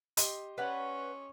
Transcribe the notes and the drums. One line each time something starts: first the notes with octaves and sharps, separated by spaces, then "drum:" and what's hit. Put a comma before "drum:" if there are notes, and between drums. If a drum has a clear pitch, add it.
G4 D#5 C6, drum: hi-hat
C#4 B4 C#5 D5 F#5